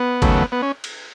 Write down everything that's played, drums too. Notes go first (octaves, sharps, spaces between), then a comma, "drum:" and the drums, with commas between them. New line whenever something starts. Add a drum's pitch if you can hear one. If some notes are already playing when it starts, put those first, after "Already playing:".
Already playing: B3
D#2 C#3 F#3 A3, drum: kick, cymbal
B3
C#4
drum: cymbal